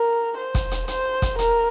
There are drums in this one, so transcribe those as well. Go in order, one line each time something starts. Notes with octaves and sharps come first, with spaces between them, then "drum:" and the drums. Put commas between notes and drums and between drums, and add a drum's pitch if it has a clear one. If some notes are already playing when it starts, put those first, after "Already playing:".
Already playing: A#4
C5
drum: kick F1, hi-hat
drum: hi-hat
C5, drum: hi-hat
drum: kick F1, hi-hat
A#4, drum: hi-hat